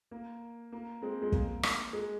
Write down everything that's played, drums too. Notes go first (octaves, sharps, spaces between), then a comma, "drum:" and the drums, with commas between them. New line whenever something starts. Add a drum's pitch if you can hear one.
A#3
A#3
G#3 C4
G#3
A#3, drum: kick
drum: rim click
G#3